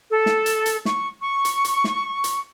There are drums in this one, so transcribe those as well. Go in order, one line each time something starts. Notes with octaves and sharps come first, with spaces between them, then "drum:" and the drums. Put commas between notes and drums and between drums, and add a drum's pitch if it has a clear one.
A4
drum: snare
drum: hi-hat
drum: hi-hat
C#6, drum: snare
C#6
drum: hi-hat
drum: hi-hat
drum: snare
drum: hi-hat